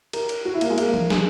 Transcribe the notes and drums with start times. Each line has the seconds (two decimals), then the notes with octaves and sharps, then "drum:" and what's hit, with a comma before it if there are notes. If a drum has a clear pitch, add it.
0.13 A#4, drum: cymbal
0.29 drum: cymbal
0.45 F#4
0.54 E4
0.61 A#3, drum: cymbal
0.70 G#3
0.78 A#3, drum: cymbal
0.94 drum: tom E3
1.10 G#3, drum: snare